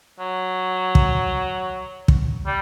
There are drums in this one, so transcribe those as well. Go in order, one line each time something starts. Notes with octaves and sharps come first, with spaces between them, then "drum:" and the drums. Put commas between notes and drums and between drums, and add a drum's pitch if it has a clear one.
F#3
drum: kick
drum: kick
G3